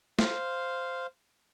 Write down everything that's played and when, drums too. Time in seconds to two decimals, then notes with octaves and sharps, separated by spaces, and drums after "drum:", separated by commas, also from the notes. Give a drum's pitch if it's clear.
0.19 C5 F5, drum: snare